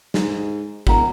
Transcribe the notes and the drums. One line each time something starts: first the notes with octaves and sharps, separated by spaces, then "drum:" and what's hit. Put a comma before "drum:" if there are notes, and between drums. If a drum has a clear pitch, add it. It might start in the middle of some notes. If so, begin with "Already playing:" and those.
G#2, drum: snare
E1 F#4 A#4, drum: kick G#1